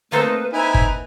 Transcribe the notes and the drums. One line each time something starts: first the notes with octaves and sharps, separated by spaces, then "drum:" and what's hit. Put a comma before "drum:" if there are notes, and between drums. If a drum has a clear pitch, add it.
A3 A#3 C4 D#4 A4 B4 C5
C4 D#4 E4 B4 G#5 A#5
drum: kick G1